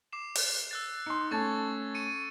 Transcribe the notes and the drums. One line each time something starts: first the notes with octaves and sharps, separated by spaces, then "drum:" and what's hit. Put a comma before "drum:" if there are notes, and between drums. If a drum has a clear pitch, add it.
D6 C7 E7
drum: open hi-hat
E6 F#6 A6
D#4 C6 C#7
A3 C#4 A5 C#6 G#6 A6
C#6 C#7 D#7